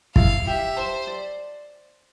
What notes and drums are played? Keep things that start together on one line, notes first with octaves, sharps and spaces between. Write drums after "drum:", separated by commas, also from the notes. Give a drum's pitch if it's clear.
E4 F5, drum: kick
G4 E5
C5 A5
D5